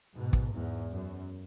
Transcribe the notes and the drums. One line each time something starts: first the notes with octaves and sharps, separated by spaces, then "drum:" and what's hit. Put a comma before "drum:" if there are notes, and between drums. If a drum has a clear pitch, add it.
G#2 B2
drum: kick
E2 G#2
F#2